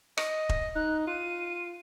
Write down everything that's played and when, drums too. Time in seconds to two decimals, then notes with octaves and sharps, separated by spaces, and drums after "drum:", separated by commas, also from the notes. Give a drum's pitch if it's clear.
0.17 D#5, drum: rim click
0.49 drum: kick E1
0.76 D#4 F#6
1.07 F4 D#7